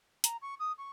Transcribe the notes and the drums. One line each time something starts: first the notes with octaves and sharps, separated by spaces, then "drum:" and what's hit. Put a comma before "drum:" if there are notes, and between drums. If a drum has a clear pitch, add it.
A#5, drum: hi-hat
C#6
D#6
C#6